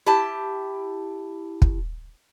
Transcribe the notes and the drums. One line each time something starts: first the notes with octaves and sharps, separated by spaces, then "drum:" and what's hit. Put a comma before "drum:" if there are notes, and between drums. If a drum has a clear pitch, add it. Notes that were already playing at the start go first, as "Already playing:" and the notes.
E4 G4 A5
drum: kick